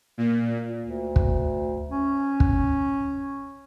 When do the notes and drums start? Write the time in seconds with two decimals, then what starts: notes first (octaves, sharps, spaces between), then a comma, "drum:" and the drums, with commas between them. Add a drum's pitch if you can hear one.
0.18 A#2
0.81 D2
1.16 drum: kick
1.90 C#4
2.40 drum: kick